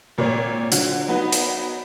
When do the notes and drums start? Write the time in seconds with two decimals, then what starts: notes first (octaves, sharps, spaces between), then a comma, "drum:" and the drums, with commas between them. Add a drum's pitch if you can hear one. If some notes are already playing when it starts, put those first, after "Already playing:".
0.18 G#1 A#2 A#4 C#5 D5
0.72 D3 F#3 F4, drum: hi-hat
1.08 F#3 B3 D#4
1.32 drum: hi-hat